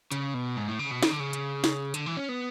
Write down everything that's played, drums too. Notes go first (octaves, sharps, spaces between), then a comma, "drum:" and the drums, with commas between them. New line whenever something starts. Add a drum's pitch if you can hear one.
C#3, drum: hi-hat
B2
G#2
A2
C#3
B2
C#3, drum: snare
D3
C#3
drum: hi-hat
drum: snare
D3, drum: hi-hat
E3
C#4
B3